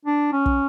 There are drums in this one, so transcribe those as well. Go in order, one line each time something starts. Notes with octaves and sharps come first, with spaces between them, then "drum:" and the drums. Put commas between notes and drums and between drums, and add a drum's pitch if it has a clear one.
D4
C#4
drum: kick